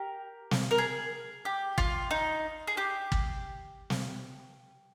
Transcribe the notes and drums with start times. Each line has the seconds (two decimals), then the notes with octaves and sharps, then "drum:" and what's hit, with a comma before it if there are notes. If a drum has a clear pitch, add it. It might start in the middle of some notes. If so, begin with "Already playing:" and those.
Already playing: G4 A#4
0.51 drum: snare
0.71 A#4
0.78 G#4
1.45 G4
1.78 F4, drum: kick
2.11 D#4
2.67 G#4
2.77 G4
3.12 drum: kick
3.90 drum: snare